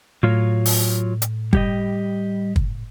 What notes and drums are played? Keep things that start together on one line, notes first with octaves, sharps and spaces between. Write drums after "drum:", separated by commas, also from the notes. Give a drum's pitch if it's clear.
A2 F#3 F4 C#5
drum: open hi-hat
drum: hi-hat
G3 G4 D#5, drum: kick
drum: kick